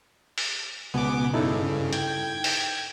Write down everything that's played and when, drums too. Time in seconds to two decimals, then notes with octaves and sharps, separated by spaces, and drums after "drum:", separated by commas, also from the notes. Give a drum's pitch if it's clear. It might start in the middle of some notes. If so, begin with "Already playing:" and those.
0.38 drum: open hi-hat
0.94 C#2 B2 B3 G#5 D6
1.34 G2 C#3 D#4 E4 A4
1.93 G5 G#6, drum: hi-hat
2.44 drum: open hi-hat